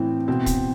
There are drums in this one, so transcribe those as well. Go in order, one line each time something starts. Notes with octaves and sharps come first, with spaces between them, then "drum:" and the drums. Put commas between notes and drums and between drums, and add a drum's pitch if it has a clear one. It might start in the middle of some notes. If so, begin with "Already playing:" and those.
Already playing: A2 E3 C4
B2 C4
drum: kick, hi-hat